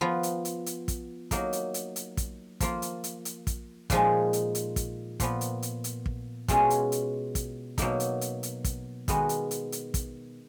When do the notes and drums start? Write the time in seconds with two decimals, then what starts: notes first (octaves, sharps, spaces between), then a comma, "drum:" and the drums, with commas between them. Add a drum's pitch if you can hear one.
0.01 F3 B3 F4
0.23 drum: hi-hat
0.45 drum: hi-hat
0.66 drum: hi-hat
0.88 drum: kick, hi-hat
1.31 F#3 A#3 D#4, drum: kick, hi-hat
1.53 drum: hi-hat
1.74 drum: hi-hat
1.96 drum: hi-hat
2.17 drum: kick, hi-hat
2.60 F3 A#3 F4, drum: kick, hi-hat
2.82 drum: hi-hat
3.04 drum: hi-hat
3.25 drum: hi-hat
3.47 drum: kick, hi-hat
3.90 A#2 F3 G#3 D#4, drum: kick, hi-hat
4.33 drum: hi-hat
4.55 drum: hi-hat
4.76 drum: kick, hi-hat
5.20 A#2 F3 B3, drum: kick, hi-hat
5.41 drum: hi-hat
5.62 drum: hi-hat
5.84 drum: hi-hat
6.06 drum: kick
6.48 B2 G#3 C#4 F4, drum: kick, hi-hat
6.70 drum: hi-hat
6.92 drum: hi-hat
7.35 drum: kick, hi-hat
7.78 B2 F#3 A#3 D#4, drum: kick, hi-hat
8.00 drum: hi-hat
8.21 drum: hi-hat
8.43 drum: hi-hat
8.64 drum: kick, hi-hat
9.08 D#3 G#3 B3 F#4, drum: kick, hi-hat
9.29 drum: hi-hat
9.51 drum: hi-hat
9.72 drum: hi-hat
9.94 drum: kick, hi-hat